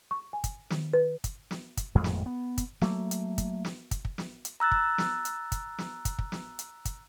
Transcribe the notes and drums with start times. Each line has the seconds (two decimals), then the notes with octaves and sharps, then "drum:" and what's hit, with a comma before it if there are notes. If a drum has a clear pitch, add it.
0.11 C#6
0.33 G#5
0.44 drum: kick, hi-hat
0.70 D#3, drum: snare
0.93 B4
1.24 drum: kick, hi-hat
1.51 drum: snare
1.77 drum: kick, hi-hat
1.95 G#1 F2 A2 G#3
2.04 drum: snare
2.26 B3
2.58 drum: kick, hi-hat
2.81 F#3 A3 A#3, drum: snare
3.11 drum: hi-hat
3.38 drum: kick, hi-hat
3.65 drum: snare
3.91 drum: kick, hi-hat
4.05 drum: kick
4.18 drum: snare
4.45 drum: hi-hat
4.60 A#5 E6 F#6 A6
4.71 drum: kick
4.98 drum: snare
5.25 drum: hi-hat
5.52 drum: kick, hi-hat
5.78 drum: snare
6.05 drum: kick, hi-hat
6.19 drum: kick
6.32 drum: snare
6.59 drum: hi-hat
6.85 drum: kick, hi-hat